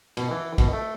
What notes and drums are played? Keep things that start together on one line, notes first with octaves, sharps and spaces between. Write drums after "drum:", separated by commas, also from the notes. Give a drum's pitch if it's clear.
B2, drum: cymbal
E3
B2, drum: kick, cymbal
A3